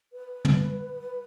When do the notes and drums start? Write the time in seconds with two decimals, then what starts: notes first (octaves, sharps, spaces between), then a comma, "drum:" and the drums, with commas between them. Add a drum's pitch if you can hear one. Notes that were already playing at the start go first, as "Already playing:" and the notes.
0.13 B4
0.45 drum: tom